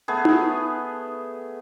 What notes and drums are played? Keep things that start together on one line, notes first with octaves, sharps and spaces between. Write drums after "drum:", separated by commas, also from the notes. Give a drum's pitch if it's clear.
A3 B3 G#4
drum: tom D#4